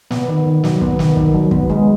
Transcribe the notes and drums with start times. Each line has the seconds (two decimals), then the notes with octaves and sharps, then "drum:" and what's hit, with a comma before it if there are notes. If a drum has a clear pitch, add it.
0.11 B3, drum: snare
0.28 D#3
0.47 D#3
0.64 F#3, drum: snare
0.81 B3, drum: kick
0.99 D#3, drum: snare
1.16 D#3, drum: kick
1.34 F#3
1.51 B3, drum: kick
1.70 G#3